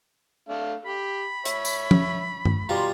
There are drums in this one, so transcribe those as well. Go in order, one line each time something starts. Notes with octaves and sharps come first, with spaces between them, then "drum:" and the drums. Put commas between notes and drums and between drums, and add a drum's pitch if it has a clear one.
A3 D4 F5
G4 B5
C#5 E5, drum: hi-hat
drum: tambourine
drum: tom F3
drum: tom G2
B2 G3 F4 A#5 C6